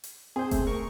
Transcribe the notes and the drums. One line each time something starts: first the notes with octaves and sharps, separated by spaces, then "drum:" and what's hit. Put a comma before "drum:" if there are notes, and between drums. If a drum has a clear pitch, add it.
drum: hi-hat
C4 G#4 C5
A3, drum: kick F1, hi-hat
A#4 C#6